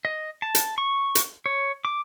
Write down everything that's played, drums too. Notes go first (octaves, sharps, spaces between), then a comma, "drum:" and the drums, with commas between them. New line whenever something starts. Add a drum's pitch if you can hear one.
D#5
A5
drum: hi-hat
C#6
drum: hi-hat
C#5
D6